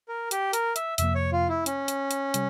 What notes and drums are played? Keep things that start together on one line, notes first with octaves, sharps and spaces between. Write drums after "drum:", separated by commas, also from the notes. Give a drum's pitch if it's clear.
A#4
G4, drum: hi-hat
A#4, drum: hi-hat
E5, drum: hi-hat
F2 C3 F3 A#3 E5, drum: hi-hat
C#5
F4
E4
C#4, drum: hi-hat
drum: hi-hat
drum: hi-hat
C3 G3, drum: hi-hat